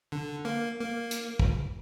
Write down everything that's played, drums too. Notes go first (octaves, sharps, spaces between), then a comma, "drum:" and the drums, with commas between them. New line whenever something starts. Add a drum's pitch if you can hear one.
D3
A#3
A#3
drum: hi-hat
drum: kick